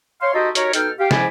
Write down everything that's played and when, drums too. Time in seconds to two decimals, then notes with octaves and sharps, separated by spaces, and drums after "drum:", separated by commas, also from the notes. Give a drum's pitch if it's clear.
0.21 C#5 F5 C6
0.34 D#4 F#4 G4 A4 C5 D#5
0.55 D#4 F#4 G4 A#4 C#5, drum: hi-hat
0.73 B2 D#4 A4 G5 F6, drum: hi-hat
0.99 G4 F5
1.11 G#2 F3 E4 D5 G#5, drum: snare